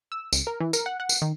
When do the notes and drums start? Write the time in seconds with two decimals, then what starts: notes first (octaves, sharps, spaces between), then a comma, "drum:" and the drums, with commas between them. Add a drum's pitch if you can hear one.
0.12 E6
0.33 C#2, drum: tambourine
0.47 A#4
0.60 E3
0.73 A#4, drum: tambourine
0.86 F#5
1.00 F#5
1.09 drum: tambourine
1.22 D#3